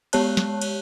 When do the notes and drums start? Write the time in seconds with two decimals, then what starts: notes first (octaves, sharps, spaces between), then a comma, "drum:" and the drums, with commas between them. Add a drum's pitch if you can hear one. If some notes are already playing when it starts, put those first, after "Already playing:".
0.13 G#3 B3 G4 C#5 A5 F#6, drum: cymbal
0.37 drum: snare
0.62 drum: cymbal